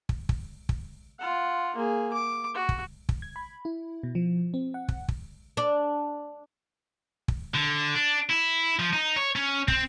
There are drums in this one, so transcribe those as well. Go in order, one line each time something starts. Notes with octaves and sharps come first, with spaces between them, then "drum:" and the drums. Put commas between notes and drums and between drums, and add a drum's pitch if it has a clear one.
drum: kick
drum: kick
drum: kick
F4 F#5
A#3 G#4
D6
F#4
drum: kick
drum: kick
G#6
B5
E4
B2
F3
C4
F#5
drum: kick
drum: kick
D4
drum: kick
D3
D4
E4
F3
D#4
C#5
C#4
C4, drum: kick